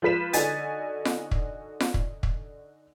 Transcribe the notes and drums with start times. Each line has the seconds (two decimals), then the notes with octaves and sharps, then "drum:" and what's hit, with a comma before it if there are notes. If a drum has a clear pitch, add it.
0.02 F3 F4 B4 B6 E7
0.33 D3 D#4 F#4 G#5 A6, drum: hi-hat
1.05 drum: snare F4
1.31 drum: kick
1.80 drum: snare F4
1.94 drum: kick
2.23 drum: kick